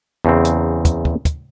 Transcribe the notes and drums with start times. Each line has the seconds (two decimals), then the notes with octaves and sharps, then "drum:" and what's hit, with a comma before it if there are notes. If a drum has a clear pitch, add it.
0.25 E2 C#3 C4
0.45 drum: hi-hat
0.85 drum: kick, hi-hat
1.05 drum: kick
1.25 drum: kick, hi-hat